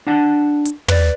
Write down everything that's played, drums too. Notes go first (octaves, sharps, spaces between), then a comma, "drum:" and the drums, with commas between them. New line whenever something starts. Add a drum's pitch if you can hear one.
D4 F#5 A5
drum: hi-hat
B4 D5, drum: tom